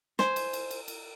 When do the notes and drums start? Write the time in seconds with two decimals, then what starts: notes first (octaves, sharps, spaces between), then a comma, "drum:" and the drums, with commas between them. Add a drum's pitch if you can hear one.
0.19 C5 G#5, drum: snare
0.36 drum: cymbal
0.53 drum: cymbal
0.71 drum: cymbal
0.88 drum: cymbal